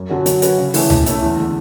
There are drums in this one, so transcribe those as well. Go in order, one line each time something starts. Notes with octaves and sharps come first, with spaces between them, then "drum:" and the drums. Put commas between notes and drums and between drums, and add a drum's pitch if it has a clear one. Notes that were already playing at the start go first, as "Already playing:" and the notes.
Already playing: F#2
D3 F#3 C#4 F#4
F#3, drum: hi-hat
C#4 F#4 B4, drum: hi-hat
C#3
E3 A3 C#4 G#4, drum: open hi-hat
E3, drum: tom C#2
A3 C#4 E4, drum: hi-hat
E2
D3 G#3